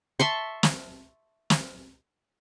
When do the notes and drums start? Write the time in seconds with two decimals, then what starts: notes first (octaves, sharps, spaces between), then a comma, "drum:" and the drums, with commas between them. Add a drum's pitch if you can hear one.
0.20 E5 A5 C6 C#6
0.63 drum: snare
1.50 drum: snare